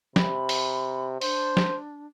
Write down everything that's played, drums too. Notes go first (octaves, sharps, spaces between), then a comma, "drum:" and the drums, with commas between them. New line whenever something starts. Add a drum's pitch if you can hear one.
C3 B5, drum: snare
drum: open hi-hat
D4 C5, drum: open hi-hat
drum: snare